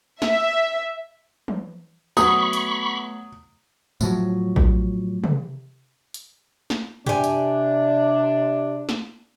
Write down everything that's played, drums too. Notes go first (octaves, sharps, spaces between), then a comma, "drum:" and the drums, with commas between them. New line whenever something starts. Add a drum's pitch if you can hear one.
E5, drum: snare
drum: tom E3
F#3 A3 B3 B5 C#6 D#6, drum: tambourine
drum: hi-hat
A2 F3 F#3, drum: tambourine
drum: kick A1
drum: tom
drum: hi-hat
drum: snare
C3 D4 G4 G#5, drum: tom
drum: hi-hat
drum: snare